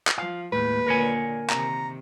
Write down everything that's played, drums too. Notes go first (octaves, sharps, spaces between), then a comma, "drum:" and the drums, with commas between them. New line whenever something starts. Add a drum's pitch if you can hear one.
drum: clap
F3 F5
D#2 A2 G#3 B4
A#2 D3 A#4 C#5 G#5
C3 D#3 A#5, drum: clap